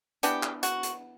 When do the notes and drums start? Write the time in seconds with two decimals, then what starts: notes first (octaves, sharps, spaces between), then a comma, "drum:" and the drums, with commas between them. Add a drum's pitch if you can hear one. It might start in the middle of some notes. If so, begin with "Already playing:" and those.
0.23 E3 B3 D4 G4, drum: hi-hat
0.43 drum: clap
0.63 F#4, drum: hi-hat
0.83 drum: hi-hat